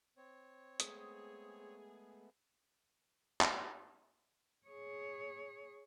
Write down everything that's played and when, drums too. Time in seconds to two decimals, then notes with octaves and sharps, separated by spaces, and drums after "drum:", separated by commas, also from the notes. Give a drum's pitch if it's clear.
0.17 C4 C#5
0.80 G#3 A3 B3 G#4 D#6, drum: hi-hat
3.41 drum: clap
4.67 G#4 C#5